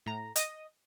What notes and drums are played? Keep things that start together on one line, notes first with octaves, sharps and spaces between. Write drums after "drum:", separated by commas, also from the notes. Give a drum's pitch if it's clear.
A2 A#5
D#5 D#6, drum: hi-hat